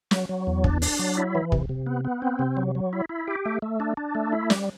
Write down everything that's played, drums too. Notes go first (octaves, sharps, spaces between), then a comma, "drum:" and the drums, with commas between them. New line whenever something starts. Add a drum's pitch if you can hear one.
F#3, drum: snare
F#3
E2
D4, drum: kick
D4, drum: open hi-hat
F#3
E4
E3
C3, drum: kick
C3
B3
B3
C4
C3
F#3
F#3
E4
E4
G4
A3
A3
D4
D4
A3
E4
G3, drum: snare